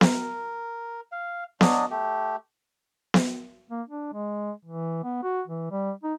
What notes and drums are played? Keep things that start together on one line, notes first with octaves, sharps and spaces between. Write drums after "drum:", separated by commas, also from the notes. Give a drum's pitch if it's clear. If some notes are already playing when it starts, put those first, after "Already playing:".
A#4, drum: snare B3
F5
F#3 D4 D#5, drum: snare B3
A3 G4
drum: snare B3
A#3
D4
G#3
E3
B3
F#4
E3
G3
D#4